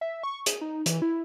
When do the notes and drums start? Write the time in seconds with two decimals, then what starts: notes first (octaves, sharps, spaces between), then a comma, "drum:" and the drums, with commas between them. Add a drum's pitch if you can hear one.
0.01 E5
0.23 C#6
0.46 G#4, drum: hi-hat
0.61 D#4
0.86 E3, drum: hi-hat
1.02 E4